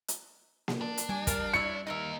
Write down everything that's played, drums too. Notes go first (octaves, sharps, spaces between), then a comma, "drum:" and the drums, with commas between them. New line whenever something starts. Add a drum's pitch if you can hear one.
drum: hi-hat
drum: snare A#3
D4
drum: hi-hat
G3 G#5 D6
A#4 F5 A5, drum: kick, hi-hat
E4 C#5 E5 C#7
A#3 D#4 A#4 D#5 E5